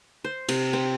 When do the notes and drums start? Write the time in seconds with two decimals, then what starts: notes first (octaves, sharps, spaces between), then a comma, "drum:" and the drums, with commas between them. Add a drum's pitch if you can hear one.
0.24 C5
0.49 C3, drum: cymbal
0.73 C4